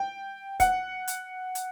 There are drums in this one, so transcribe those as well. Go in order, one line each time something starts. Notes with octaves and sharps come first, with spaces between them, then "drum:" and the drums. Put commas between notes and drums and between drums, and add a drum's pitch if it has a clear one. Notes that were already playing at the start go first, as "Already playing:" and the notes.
Already playing: G5
F#5, drum: kick, hi-hat
drum: hi-hat
drum: hi-hat